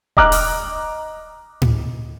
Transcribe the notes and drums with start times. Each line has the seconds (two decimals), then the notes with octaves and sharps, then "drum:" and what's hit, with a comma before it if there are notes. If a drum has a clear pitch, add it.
0.17 D#5 A#5 D6 F6 F#6, drum: kick D#1
0.32 drum: open hi-hat
1.62 drum: tom A2